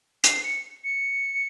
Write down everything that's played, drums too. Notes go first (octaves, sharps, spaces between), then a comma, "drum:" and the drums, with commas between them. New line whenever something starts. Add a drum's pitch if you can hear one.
C7, drum: hi-hat
C#7
C#7